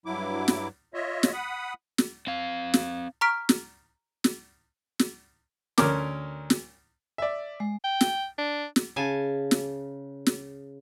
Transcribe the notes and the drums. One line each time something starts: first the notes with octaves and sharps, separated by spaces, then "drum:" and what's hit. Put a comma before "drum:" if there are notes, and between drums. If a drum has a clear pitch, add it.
G2 F#3 E4 D6
drum: snare
F4 C#5 D#5 E5
drum: snare
F#5 B5 D#6
drum: snare
C4 F5
drum: snare
A#5 C#6 F6 B6 D7
drum: snare
drum: snare
drum: snare
D2 C#4 A#4 D6, drum: snare
drum: snare
D5 E5
G#3
G5
drum: snare
D4
drum: snare
C#3 G#5 A5
drum: snare
drum: snare